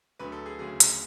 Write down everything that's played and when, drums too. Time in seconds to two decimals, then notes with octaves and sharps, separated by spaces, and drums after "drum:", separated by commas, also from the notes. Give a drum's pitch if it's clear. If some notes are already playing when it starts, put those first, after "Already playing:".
0.19 D2 D3 F#3 B4
0.32 A4
0.46 G#4
0.58 D2 C#3 F#3 G#4
0.80 drum: hi-hat